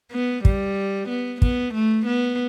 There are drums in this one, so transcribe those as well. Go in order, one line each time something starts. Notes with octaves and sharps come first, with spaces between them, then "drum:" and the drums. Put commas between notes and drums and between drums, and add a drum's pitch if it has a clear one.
B3
G3, drum: kick
B3
B3, drum: kick
A3
B3